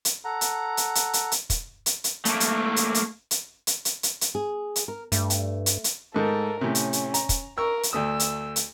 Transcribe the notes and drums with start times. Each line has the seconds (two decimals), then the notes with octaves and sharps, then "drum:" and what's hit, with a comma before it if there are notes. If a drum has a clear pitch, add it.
0.05 drum: hi-hat
0.25 A4 F#5 A#5
0.41 drum: hi-hat
0.77 drum: hi-hat
0.95 drum: hi-hat
1.13 drum: hi-hat
1.32 drum: hi-hat
1.50 drum: kick, hi-hat
1.86 drum: hi-hat
2.04 drum: hi-hat
2.25 A3 A#3, drum: hi-hat
2.40 drum: hi-hat
2.76 drum: hi-hat
2.95 drum: hi-hat
3.31 drum: hi-hat
3.67 drum: hi-hat
3.85 drum: hi-hat
4.03 drum: hi-hat
4.21 drum: hi-hat
4.35 G#4
4.76 drum: hi-hat
4.88 A#4
5.12 G2 A3, drum: hi-hat
5.30 drum: hi-hat
5.66 drum: hi-hat
5.84 drum: hi-hat
6.14 G#2 A3 A4 A#4
6.61 A2 C3 C#4
6.75 drum: hi-hat
6.93 drum: hi-hat
7.14 A#5, drum: hi-hat
7.29 drum: kick, hi-hat
7.58 A#4 C#6 E6
7.83 drum: hi-hat
7.93 D2 A3 D#6 E6
8.20 drum: hi-hat
8.56 drum: hi-hat